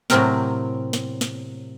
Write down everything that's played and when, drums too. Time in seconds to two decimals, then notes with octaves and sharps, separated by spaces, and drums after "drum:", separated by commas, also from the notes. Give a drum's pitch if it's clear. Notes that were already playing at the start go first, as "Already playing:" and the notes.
0.10 A2 C3 F#3 C4 A#4 G5, drum: snare
0.93 drum: snare
1.21 drum: snare